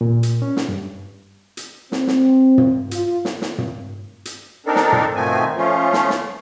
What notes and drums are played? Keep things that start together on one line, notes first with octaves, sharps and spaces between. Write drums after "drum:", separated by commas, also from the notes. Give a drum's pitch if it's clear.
A#2
drum: hi-hat
C#4
drum: snare
G2
drum: hi-hat
C4, drum: snare
drum: snare
drum: tom
F4, drum: hi-hat
drum: snare
drum: snare
drum: tom
drum: hi-hat
C4 D4 D#4 A4 A#4
drum: snare
drum: tom
B2 D#3 F3 A3 C4 G#5
F3 A3 C#4 F4
drum: snare
drum: snare